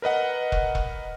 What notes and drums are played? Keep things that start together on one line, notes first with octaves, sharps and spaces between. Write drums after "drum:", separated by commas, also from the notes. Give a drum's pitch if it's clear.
A#4 B4 D#5 F#5
drum: kick
drum: kick